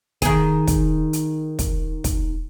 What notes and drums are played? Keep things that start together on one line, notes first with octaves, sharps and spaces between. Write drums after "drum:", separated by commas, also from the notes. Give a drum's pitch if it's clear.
D#3 G#4, drum: kick, hi-hat
drum: kick, hi-hat
drum: hi-hat
drum: kick, hi-hat
drum: kick, hi-hat